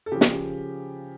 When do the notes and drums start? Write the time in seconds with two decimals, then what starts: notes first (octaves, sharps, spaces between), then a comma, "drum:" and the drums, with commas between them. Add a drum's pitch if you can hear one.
0.06 A4
0.12 C#3 F3 G4
0.21 drum: snare